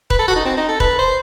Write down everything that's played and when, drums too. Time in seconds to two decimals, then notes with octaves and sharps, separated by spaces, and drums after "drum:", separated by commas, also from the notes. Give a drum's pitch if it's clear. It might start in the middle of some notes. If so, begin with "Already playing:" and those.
0.10 B4, drum: kick D#1
0.19 A4
0.28 F#4
0.36 D#4
0.45 C4
0.57 D#4
0.69 A4
0.80 B4, drum: kick D#1
0.99 C5